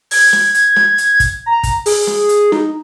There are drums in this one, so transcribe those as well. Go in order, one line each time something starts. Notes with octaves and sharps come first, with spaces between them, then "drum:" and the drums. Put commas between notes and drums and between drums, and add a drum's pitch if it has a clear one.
G#6, drum: open hi-hat
drum: snare
drum: hi-hat
drum: snare
drum: hi-hat
drum: kick, hi-hat
A#5
drum: kick, hi-hat
G#4, drum: open hi-hat
drum: snare
drum: hi-hat
D#4, drum: snare